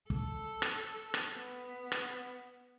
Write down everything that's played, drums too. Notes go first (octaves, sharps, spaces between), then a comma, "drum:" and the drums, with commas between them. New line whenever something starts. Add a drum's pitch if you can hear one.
A4, drum: kick
drum: rim click
drum: rim click
B3
drum: rim click